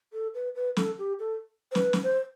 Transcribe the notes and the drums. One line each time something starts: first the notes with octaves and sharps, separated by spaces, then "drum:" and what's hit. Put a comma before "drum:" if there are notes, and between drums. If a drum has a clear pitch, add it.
A4
B4
B4
A4, drum: snare
G4
A4
C5
B4, drum: snare
drum: snare
C5